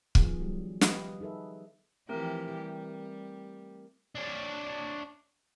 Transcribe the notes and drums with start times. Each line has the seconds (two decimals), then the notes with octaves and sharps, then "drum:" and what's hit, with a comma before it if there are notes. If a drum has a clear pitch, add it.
0.15 D#3 F3 B3 G#4, drum: kick
0.40 F#3 G3
0.81 G3 G4 B4 D#5 F5, drum: snare
1.20 D#4 G#4 A4 B4 E5
2.09 E3 F3 A3 C4 G4 A#4
2.55 G3
4.15 D4 C#5